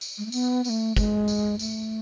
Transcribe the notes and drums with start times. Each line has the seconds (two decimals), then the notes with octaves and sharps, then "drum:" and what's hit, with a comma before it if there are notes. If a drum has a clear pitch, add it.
0.01 drum: tambourine
0.18 G#3
0.26 A3
0.32 B3, drum: tambourine
0.64 B3, drum: tambourine
0.69 A3
0.96 G#3, drum: kick, tambourine
1.28 drum: tambourine
1.59 A3, drum: tambourine